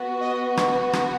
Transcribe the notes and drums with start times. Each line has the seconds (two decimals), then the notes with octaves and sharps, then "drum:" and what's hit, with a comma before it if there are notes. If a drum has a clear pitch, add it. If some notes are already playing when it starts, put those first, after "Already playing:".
Already playing: B3 F#4
0.21 D#5
0.57 drum: rim click
0.93 drum: rim click